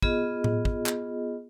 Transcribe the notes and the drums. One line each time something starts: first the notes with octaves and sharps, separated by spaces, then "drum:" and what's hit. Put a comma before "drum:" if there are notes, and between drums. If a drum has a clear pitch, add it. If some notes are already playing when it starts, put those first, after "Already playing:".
B3 F4 G#4 D#5, drum: kick
drum: tom A2
drum: kick
drum: clap